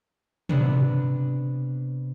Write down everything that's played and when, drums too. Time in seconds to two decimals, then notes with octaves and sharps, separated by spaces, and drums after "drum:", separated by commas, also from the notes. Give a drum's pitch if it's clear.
0.49 C3 B3 D4, drum: tom